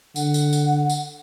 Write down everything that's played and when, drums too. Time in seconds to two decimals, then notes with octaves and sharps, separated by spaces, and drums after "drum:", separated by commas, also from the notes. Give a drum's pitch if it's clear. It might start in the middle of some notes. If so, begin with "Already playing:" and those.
0.16 D3 F#5, drum: tambourine
0.34 drum: tambourine
0.53 drum: tambourine
0.90 drum: tambourine